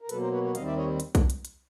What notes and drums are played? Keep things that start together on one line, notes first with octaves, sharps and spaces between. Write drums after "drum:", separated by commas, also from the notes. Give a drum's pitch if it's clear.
A#4
B2 F#3 A#3 A4 B4, drum: hi-hat
A#4 C5
B4 C#5
B4 C#5
D#2 D#3 G3 C4 D#5 F5, drum: hi-hat
D5 E5
C#5 D#5
drum: hi-hat
drum: kick B1, hi-hat
drum: hi-hat
drum: hi-hat